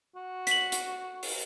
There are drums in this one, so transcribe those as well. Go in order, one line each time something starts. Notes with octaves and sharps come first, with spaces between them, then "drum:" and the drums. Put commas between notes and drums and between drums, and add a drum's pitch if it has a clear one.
F#4
B6 F#7, drum: hi-hat
drum: hi-hat
drum: open hi-hat